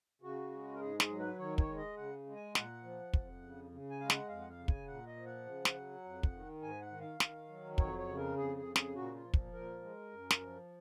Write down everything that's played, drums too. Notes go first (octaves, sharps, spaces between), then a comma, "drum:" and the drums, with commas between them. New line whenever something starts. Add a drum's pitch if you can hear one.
C#3 F#4
G#3
A#4
G#2 G#4
G#4, drum: snare
F#3
B4
D#3 C#5
C#5, drum: kick
G#3
D#5
C#3 F#5
G#3
G#5
A#2 F#5, drum: snare
F3
F2, drum: kick
C#3
C#3
G#5
G#3 F5
F#5, drum: snare
F2 F5
F#5
F5
C#3
G#5, drum: kick
A#2 F#5
D#5
F3
F#5
C#3
drum: snare
F#3
F2
drum: kick
D#3
G#2 G#5
F#5
D#3
F5
D#3, drum: snare
F#3
F2 C#5, drum: kick
C#5
C#3
A#4
F2 G#4
G#4
C#3
G#4, drum: snare
A#2 F#4
F4
F3
drum: kick
A#2 A#4
G#3
F#2
drum: snare
F3